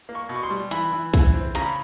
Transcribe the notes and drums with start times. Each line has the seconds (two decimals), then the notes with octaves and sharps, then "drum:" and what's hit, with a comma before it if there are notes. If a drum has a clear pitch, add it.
0.09 A#3
0.15 C#6
0.29 B2
0.35 C#6
0.43 C6
0.50 G3
0.71 E3 B5, drum: hi-hat
0.92 E3
1.14 E3, drum: kick, hi-hat
1.34 C4
1.55 C#3 A#5, drum: hi-hat
1.62 B5